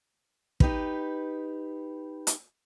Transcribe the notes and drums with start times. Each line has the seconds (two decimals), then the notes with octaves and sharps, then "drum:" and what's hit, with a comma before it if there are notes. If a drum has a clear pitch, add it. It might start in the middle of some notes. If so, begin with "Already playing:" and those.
0.60 D#4 G4 B4, drum: kick
2.27 drum: hi-hat